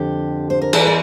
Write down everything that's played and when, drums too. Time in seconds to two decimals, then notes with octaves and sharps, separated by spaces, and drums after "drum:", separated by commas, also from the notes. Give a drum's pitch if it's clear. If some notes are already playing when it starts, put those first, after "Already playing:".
Already playing: F2 D3 G4
0.50 C5
0.61 A#4
0.73 E2 E3 A4, drum: cymbal
0.87 A#4